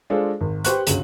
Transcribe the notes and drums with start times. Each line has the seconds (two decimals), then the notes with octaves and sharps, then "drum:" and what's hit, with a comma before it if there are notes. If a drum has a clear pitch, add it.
0.10 G#3 D4 F4 G#4 A4 C5
0.41 G#1
0.65 G4 B4 C5 C#6 F#6, drum: hi-hat
0.87 G1 C#2 F#4 F#7, drum: hi-hat